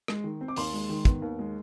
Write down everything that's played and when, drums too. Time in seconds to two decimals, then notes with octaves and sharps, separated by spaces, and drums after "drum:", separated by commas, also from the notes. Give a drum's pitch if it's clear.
0.08 G#3, drum: rim click
0.24 D#3
0.41 C4
0.48 D6
0.56 D#2 C6, drum: open hi-hat
0.73 G#3
0.90 D#3
1.05 B3, drum: kick, hi-hat
1.22 D#2
1.39 G#3